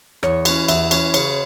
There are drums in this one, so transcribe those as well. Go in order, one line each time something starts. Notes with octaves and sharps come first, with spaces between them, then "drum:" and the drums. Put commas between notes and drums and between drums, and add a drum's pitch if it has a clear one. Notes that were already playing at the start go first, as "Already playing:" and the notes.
E2 C#5, drum: rim click
E3 C#4, drum: cymbal
E2 E5, drum: cymbal
E3 C#4, drum: cymbal
C#3 C#5, drum: cymbal